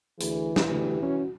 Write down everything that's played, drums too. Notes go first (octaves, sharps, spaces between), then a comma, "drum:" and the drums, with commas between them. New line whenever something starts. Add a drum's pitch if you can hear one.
D2 E3 G#4, drum: hi-hat
drum: snare
D2 G4
C#4 F#4